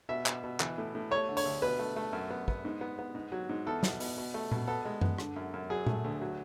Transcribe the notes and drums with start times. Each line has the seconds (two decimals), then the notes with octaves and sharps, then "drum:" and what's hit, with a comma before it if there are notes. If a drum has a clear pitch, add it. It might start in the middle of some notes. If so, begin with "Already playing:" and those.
0.09 B2 E5
0.26 B2, drum: clap
0.44 B2
0.60 E3, drum: clap
0.78 A2
0.95 A2
1.11 A3 C#5
1.29 D3
1.37 C#5, drum: open hi-hat
1.45 D2
1.62 B2 B4
1.79 A3
1.96 A3
2.13 F#2
2.30 B3
2.48 B3, drum: kick
2.65 G#2
2.81 B3
2.99 B3
3.15 G#2
3.32 F#3
3.49 G#2
3.67 E2 A4
3.83 B2, drum: snare
4.00 B2, drum: open hi-hat
4.18 B2
4.34 A3
4.51 B2, drum: tom A#2
4.67 B3 A4
4.85 G#3
5.01 B3, drum: tom F#2
5.18 D3, drum: rim click
5.36 F#2
5.54 F#2
5.70 F#3 G#4
5.87 A3, drum: tom A#2
6.04 D2
6.21 F#3